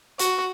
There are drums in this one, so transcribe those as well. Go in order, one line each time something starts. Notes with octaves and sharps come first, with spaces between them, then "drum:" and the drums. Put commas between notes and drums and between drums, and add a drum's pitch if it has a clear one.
F#4, drum: hi-hat